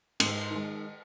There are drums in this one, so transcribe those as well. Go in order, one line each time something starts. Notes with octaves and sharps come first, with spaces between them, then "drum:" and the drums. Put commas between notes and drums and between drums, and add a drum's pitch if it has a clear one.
G#2, drum: cymbal
D#3 G#3